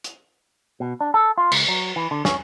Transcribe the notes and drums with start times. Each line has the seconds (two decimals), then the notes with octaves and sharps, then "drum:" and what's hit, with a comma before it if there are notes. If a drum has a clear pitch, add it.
0.04 drum: hi-hat
0.80 B2
1.01 D4
1.14 A4
1.38 F4
1.52 C#2, drum: cymbal
1.68 F#3
1.96 E3
2.11 D3
2.25 C#4, drum: snare